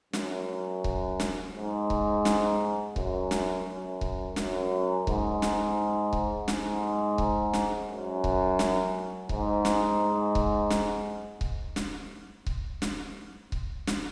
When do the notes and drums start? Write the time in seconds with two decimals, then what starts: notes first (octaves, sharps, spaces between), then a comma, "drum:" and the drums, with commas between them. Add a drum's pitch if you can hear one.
0.13 F#2, drum: snare
0.84 drum: kick C#1
1.20 drum: snare
1.55 G#2
1.90 drum: kick C#1
2.25 drum: snare
2.96 F#2, drum: kick C#1
3.31 drum: snare
3.66 F#2
4.01 drum: kick C#1
4.36 F#2, drum: snare
5.07 G#2, drum: kick C#1
5.42 drum: snare
6.13 drum: kick C#1
6.48 G#2, drum: snare
7.18 drum: kick C#1
7.53 drum: snare
7.88 F#2
8.24 drum: kick C#1
8.59 drum: snare
9.29 G#2, drum: kick C#1
9.65 drum: snare
10.35 drum: kick C#1
10.70 drum: snare
11.41 drum: kick C#1
11.76 drum: snare
12.46 drum: kick C#1
12.82 drum: snare
13.52 drum: kick C#1
13.87 drum: snare